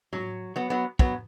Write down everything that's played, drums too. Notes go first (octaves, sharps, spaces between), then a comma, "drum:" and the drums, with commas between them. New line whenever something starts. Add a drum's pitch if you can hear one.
F#3, drum: tom
F#3 B3
F#3 B3
F#3 B3, drum: kick